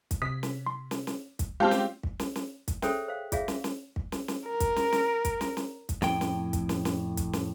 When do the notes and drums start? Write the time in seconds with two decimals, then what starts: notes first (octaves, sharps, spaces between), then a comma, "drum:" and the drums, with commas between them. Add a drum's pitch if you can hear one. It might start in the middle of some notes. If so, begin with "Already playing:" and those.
0.11 drum: kick, hi-hat
0.22 C3 D#6 B6
0.43 drum: snare
0.66 C6
0.91 drum: snare
1.07 drum: snare
1.39 drum: kick, hi-hat
1.60 G#3 C4 F4 G4 F5 A5 F6
1.71 drum: snare
2.03 drum: kick
2.19 drum: snare
2.36 drum: snare
2.68 drum: kick, hi-hat
2.82 G#4 A4 C5 C#5 E5 G5, drum: snare
3.08 C5 F5
3.32 F4 G#4 C#5 E5 F5, drum: kick, hi-hat
3.48 drum: snare
3.64 drum: snare
3.96 drum: kick
4.12 drum: snare
4.28 drum: snare
4.48 A#4
4.60 drum: kick, hi-hat
4.76 drum: snare
4.92 drum: snare
5.25 drum: kick, hi-hat
5.41 drum: snare
5.57 drum: snare
5.89 drum: kick, hi-hat
6.02 F2 A2 G5, drum: snare
6.21 drum: snare
6.53 drum: kick, hi-hat
6.69 drum: snare
6.85 drum: snare
7.17 drum: kick, hi-hat
7.33 drum: snare